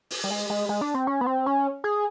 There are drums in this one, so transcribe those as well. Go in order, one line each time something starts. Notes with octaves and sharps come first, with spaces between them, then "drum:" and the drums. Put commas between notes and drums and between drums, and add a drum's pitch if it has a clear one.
drum: open hi-hat
G3
G#3
G#3
G#3
D4
C4
C#4
B3
C4
C#4
G#4